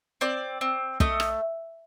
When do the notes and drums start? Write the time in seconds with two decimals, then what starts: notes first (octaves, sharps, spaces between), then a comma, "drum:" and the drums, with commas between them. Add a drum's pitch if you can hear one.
0.21 C4 D5
0.61 C4
1.00 A3 D#5, drum: kick
1.20 drum: rim click